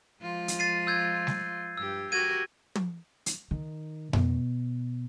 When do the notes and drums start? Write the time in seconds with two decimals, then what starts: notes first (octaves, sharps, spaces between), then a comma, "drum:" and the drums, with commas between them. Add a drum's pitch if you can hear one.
0.22 F3 G#3 F4
0.48 drum: hi-hat
0.59 A6 C7 D#7
0.87 E6 G6 G#6
1.27 drum: snare G3
1.78 G2 G4 E6
2.12 F#4 G4 A#4 G#6 D#7
2.75 drum: tom
3.26 drum: hi-hat
3.51 D#3
4.13 B2, drum: tom F2